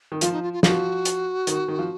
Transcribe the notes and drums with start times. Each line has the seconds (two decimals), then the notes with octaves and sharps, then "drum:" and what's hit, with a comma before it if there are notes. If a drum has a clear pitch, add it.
0.12 D#3
0.21 F3 F4, drum: hi-hat
0.33 D#4
0.43 F4
0.53 F4
0.63 F3 F#4, drum: snare
1.05 drum: hi-hat
1.47 D#3, drum: hi-hat
1.68 D#3
1.79 F3